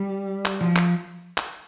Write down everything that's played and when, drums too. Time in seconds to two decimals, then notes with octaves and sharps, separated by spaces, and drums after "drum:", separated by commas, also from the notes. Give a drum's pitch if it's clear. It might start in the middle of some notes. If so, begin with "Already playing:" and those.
Already playing: G3
0.46 drum: clap
0.61 F3
0.76 drum: clap
1.38 drum: clap